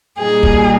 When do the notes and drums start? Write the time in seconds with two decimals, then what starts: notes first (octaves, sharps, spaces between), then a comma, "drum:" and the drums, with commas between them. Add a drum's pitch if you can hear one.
0.19 A#2 G3 A#3 D#4 G#4
0.43 drum: kick